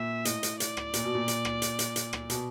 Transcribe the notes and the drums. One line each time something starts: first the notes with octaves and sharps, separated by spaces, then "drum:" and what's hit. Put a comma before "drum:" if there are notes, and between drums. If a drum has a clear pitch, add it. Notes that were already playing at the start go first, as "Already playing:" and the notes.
Already playing: A#2 E5
A2 D#5, drum: hi-hat
drum: hi-hat
D5, drum: hi-hat
drum: rim click
A#2, drum: hi-hat
B2
A#2
drum: hi-hat
drum: rim click
drum: hi-hat
drum: hi-hat
drum: hi-hat
drum: rim click
B2, drum: hi-hat